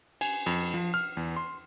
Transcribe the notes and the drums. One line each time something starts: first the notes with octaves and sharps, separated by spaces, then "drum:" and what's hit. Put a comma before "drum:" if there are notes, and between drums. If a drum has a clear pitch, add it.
G#5, drum: cymbal
F2, drum: cymbal
F3
F6
E2
C6